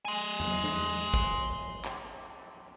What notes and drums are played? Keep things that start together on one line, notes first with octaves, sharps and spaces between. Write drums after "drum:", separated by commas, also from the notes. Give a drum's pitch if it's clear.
G#5 C6
drum: tom E2
drum: snare
drum: kick
drum: clap